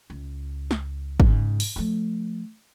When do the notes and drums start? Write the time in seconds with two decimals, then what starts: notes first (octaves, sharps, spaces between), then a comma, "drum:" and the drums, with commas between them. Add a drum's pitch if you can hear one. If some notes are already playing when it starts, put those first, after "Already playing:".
0.10 C#2
0.71 drum: snare
1.20 G#2 C#3, drum: kick
1.60 drum: open hi-hat
1.76 F3 A3